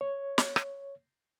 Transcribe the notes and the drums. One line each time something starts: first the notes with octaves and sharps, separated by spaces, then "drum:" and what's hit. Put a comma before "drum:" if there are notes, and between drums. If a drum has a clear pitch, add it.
C#5
drum: snare
drum: rim click